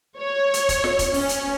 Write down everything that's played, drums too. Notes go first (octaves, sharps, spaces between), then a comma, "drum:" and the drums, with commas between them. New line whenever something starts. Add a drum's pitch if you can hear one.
C#5
drum: hi-hat
drum: kick, hi-hat
drum: snare
drum: kick, hi-hat
C#4, drum: open hi-hat
drum: hi-hat